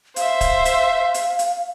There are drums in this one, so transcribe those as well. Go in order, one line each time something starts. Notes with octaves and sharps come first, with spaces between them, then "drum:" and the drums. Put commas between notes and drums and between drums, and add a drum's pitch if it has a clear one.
C5 E5 F5, drum: hi-hat
drum: kick C#1, hi-hat
drum: hi-hat
drum: hi-hat
drum: hi-hat